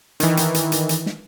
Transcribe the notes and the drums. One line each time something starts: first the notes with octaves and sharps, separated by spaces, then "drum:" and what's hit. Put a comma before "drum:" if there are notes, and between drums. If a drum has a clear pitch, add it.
D#3 E3, drum: hi-hat
drum: hi-hat
drum: hi-hat
drum: hi-hat
drum: hi-hat
drum: snare